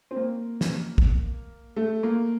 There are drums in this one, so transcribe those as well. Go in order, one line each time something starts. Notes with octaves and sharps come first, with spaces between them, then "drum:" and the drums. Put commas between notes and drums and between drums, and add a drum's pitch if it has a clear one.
C4
A#3
drum: snare
drum: kick
A3
A#3